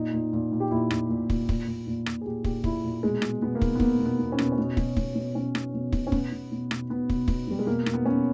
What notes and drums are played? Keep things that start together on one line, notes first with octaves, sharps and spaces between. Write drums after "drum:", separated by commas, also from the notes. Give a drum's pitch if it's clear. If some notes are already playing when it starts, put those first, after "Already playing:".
Already playing: A#2 D#4
A#2
A#2
A#2
G4
A#2 E4
A#2, drum: rim click
A#2
A#2, drum: kick
A#2, drum: kick
A#2
A#2
A#2, drum: rim click
G#4
A#2 G4
A#2 G4, drum: kick
A#2 E4, drum: kick
A#2
B2 G#3
B2, drum: rim click
B2 B3
A#3
B2, drum: kick
B3
B2 A#3, drum: kick
B2
B3
B2
C#4
B2 B3, drum: rim click
C#4
B2
B2, drum: kick
B2, drum: kick
B2
B2 C#4
B2, drum: rim click
B2
B2, drum: kick
C#4
B2 B3, drum: kick
B2
B2
B2, drum: rim click
B2 B3
B2, drum: kick
B2, drum: kick
B2 G3
G#3
B2 A#3
B2, drum: rim click
B3
B2 C#4